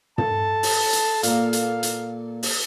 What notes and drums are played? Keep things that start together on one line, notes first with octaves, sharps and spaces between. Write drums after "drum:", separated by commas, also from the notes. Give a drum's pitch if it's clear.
A4 A5, drum: tom
drum: open hi-hat
drum: hi-hat
A#2 A#3 F5, drum: hi-hat
drum: hi-hat
drum: hi-hat
drum: open hi-hat